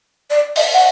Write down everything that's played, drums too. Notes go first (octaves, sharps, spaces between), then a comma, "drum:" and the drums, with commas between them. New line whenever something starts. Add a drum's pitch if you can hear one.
D5
D#5, drum: open hi-hat
F#5